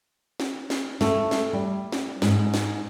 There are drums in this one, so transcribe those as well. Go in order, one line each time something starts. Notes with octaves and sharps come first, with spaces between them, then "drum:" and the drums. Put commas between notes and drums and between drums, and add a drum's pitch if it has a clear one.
drum: snare
drum: snare
A3, drum: snare
drum: snare
G3
drum: snare
G#2, drum: snare
drum: snare